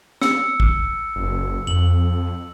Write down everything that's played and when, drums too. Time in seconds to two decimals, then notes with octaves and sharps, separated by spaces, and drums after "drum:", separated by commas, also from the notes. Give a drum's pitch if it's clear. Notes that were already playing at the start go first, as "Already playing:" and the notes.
0.21 E6 C#7, drum: snare
0.60 drum: kick
1.16 F#1
1.67 F2 F#7